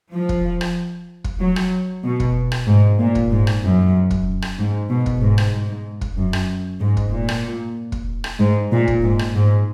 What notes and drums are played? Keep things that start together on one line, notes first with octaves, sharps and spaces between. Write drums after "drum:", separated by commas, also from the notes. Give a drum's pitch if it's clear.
F3
drum: kick
drum: rim click
drum: kick
F#3
drum: rim click
B2
drum: kick
drum: rim click
G#2
A#2
drum: kick
G#2
drum: rim click
F#2
drum: kick
drum: rim click
G#2
B2
drum: kick
G#2
drum: rim click
G#2
drum: kick
F#2
drum: rim click
G#2
drum: kick
A#2
drum: rim click
drum: kick
drum: rim click
G#2
A#2
drum: kick
G#2
drum: rim click
G#2